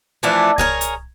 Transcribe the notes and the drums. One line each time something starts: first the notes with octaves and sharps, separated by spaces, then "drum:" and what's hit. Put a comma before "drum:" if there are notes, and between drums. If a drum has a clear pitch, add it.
E3 F3 A3 D4
G#4 A#4 C#5, drum: kick C2
drum: hi-hat